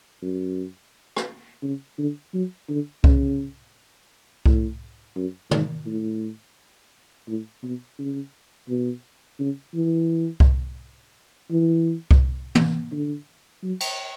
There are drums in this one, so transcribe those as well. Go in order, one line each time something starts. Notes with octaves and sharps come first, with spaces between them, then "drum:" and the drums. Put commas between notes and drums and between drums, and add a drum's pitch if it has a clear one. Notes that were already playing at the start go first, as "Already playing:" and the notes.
F#2
drum: rim click
C#3
D3
F#3
D3
C#3, drum: kick C2
A2, drum: kick C2
F#2
G#2, drum: tom
A2
A2
B2
C#3
B2
C#3
E3
drum: kick C2
E3
drum: kick C2
drum: tom
D3
F#3
drum: cymbal